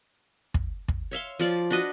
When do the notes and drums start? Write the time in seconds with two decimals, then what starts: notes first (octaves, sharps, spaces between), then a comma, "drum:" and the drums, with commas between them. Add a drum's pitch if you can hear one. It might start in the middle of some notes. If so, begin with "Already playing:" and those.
0.54 drum: kick
0.88 drum: kick
1.11 C#5 E5 F5 C6
1.39 F3 F4 D5
1.70 D4 F#4 B4 D#5